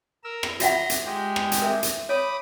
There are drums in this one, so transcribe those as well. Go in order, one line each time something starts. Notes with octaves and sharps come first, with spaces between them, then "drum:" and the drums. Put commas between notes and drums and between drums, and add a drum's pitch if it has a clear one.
A#4 E6
drum: rim click
F4 E5 F#5 A#5 C6, drum: hi-hat
drum: hi-hat
G#3 G4
drum: rim click
drum: hi-hat
A#4 E5
drum: hi-hat
C#5 B5 D6 D#6